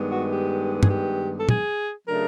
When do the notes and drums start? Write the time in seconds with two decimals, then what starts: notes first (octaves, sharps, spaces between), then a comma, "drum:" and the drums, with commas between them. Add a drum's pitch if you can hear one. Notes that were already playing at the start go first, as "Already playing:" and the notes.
Already playing: G2 D#3 G#3 B3
0.11 F#4
0.32 G4
0.83 G#4, drum: tom G2
0.90 G4
1.39 A4
1.49 G#4, drum: tom
2.07 C#3 F#3 A3 D4 A#4